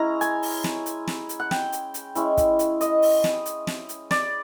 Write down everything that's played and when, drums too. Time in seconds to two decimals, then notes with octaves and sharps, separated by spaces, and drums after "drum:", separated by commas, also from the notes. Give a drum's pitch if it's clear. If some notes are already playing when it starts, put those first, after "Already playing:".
Already playing: G#3 C#4 E4 A#5
0.21 G#5, drum: hi-hat
0.43 drum: open hi-hat
0.64 drum: snare
0.86 drum: hi-hat
1.07 drum: snare
1.29 drum: hi-hat
1.40 F#5
1.51 G5, drum: snare
1.72 drum: hi-hat
1.94 drum: hi-hat
2.15 G#3 C#4 E4, drum: hi-hat
2.37 drum: kick, hi-hat
2.59 drum: hi-hat
2.81 D#5, drum: hi-hat
3.02 drum: open hi-hat
3.24 drum: snare
3.46 drum: hi-hat
3.67 drum: snare
3.89 drum: hi-hat
4.11 D5, drum: snare